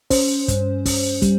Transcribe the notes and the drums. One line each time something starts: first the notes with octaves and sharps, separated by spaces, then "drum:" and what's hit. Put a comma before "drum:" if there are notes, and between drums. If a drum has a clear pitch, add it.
C#4 C5, drum: kick, open hi-hat
G2, drum: kick, hi-hat
C#4, drum: kick, open hi-hat
G3, drum: kick, hi-hat